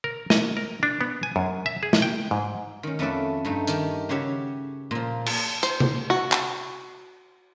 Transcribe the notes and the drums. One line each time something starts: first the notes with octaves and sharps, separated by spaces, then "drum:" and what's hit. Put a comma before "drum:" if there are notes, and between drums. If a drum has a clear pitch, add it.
A#4
D#5, drum: snare
A#4
D4
B3
G#5
F#2
E5
G#4
drum: snare
G5
G#2
D#3 C#4
F2 A3 C#4 B4 D5 E5
G2 A3 D#4
D#3 G4, drum: hi-hat
C#3 F#4 G4 C#5 E5
A#2 F3
drum: cymbal
C5, drum: hi-hat
drum: tom C3
F#4
drum: clap